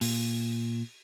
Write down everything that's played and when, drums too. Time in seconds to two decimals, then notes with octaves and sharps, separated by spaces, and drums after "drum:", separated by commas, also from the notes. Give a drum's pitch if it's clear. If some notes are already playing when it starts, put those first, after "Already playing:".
0.01 A#2, drum: open hi-hat